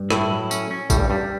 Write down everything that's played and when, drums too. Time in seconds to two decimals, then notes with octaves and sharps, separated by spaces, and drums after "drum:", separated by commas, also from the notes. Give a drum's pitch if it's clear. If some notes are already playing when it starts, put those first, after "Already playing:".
Already playing: G2
0.10 A2 E4, drum: rim click
0.31 F#3
0.51 C#4, drum: tambourine
0.71 C#4
0.90 A2 G3, drum: kick, tambourine
0.99 G2
1.10 G2 G3